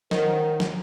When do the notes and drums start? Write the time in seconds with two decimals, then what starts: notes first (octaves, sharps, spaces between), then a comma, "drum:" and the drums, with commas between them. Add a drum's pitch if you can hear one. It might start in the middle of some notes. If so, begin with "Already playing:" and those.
0.11 D#3 A#4 C5 C#5 F#5, drum: snare
0.60 drum: snare